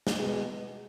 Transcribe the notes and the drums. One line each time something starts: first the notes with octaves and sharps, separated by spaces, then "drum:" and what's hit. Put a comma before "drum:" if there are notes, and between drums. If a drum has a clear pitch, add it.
drum: snare
B2 G#3